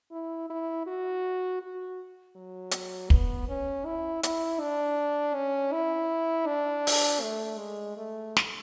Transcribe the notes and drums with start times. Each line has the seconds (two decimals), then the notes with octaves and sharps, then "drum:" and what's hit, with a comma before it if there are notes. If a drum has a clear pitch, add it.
0.11 E4
0.49 E4
0.86 F#4
1.61 F#4
2.36 F#3
2.71 drum: hi-hat
3.10 B3, drum: kick
3.48 C#4
3.86 E4
4.23 E4, drum: hi-hat
4.60 D4
5.34 C#4
5.72 E4
6.46 D4
6.87 drum: open hi-hat
7.21 A3
7.58 G#3
7.97 A3
8.37 drum: snare